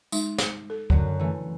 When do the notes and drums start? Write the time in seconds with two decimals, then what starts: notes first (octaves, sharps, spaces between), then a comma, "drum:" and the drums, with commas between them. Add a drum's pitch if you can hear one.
0.12 G#3 D#4, drum: tambourine
0.38 drum: snare
0.70 A4
0.90 F#2 D3 F#3, drum: kick
1.19 E3 A3